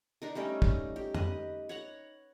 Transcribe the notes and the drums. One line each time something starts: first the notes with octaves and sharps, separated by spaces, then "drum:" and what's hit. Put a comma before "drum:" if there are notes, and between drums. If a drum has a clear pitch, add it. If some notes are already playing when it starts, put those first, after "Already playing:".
D4 D#4 A#4
G3 A3 C#4 G5
D#4, drum: kick
G4
B4 D#5, drum: tom F2
C#5 F#5 A#5